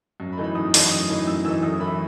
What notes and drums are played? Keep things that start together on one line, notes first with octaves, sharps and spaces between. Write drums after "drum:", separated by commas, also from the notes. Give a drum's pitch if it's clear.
F#2
B5
E3 A3 D#4
B5
F#2 D#6
E3 A3 D#4, drum: open hi-hat
F#2 D#6
E3 A3 D#4
F#2 E6
E3 A3 D#4 E6
F#2 D#6
E3 A3 E4 B5